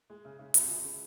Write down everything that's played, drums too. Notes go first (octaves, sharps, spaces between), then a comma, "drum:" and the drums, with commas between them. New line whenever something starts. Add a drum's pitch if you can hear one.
G#3
C#3
G#2 C#3
C#2, drum: hi-hat
C3
C#2
C#3